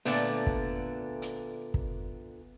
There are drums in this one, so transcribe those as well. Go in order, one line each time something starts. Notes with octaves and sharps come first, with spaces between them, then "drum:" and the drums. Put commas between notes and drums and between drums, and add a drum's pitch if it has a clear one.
A#2 D3 A3 B3, drum: open hi-hat
drum: kick
drum: hi-hat
drum: kick